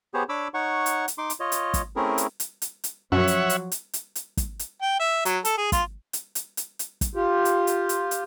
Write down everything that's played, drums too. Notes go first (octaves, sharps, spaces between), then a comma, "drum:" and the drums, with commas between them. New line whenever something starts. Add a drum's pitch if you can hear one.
B3 G4 G#4 C5 C#5
D4 C#5 B5 D6 E6
D#4 C#5 F#5 C#6
drum: hi-hat
drum: hi-hat
D#4 C6 D6
drum: hi-hat
F4 C#5 D#5
drum: hi-hat
drum: kick, hi-hat
A3 C4 C#4 E4 G#4 A#4
drum: hi-hat
drum: hi-hat
drum: hi-hat
drum: hi-hat
F#2 F3 F#3 C#5 E5 F#5
drum: hi-hat
drum: hi-hat
drum: hi-hat
drum: hi-hat
drum: hi-hat
drum: kick, hi-hat
drum: hi-hat
G5
E5
F#3, drum: hi-hat
A4, drum: hi-hat
G#4
F4, drum: kick, hi-hat
drum: hi-hat
drum: hi-hat
drum: hi-hat
drum: hi-hat
drum: kick, hi-hat
F4 G4
drum: hi-hat
drum: hi-hat
drum: hi-hat
drum: hi-hat